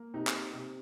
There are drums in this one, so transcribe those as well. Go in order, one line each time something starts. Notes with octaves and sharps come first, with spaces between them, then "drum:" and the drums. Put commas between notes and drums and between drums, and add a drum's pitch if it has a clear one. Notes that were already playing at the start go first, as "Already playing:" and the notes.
Already playing: A#3
C3 D#4
drum: clap
C3